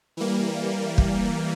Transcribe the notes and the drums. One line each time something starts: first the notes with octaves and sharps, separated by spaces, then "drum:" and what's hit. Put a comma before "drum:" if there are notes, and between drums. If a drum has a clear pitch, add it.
E3 G3 A#3
drum: kick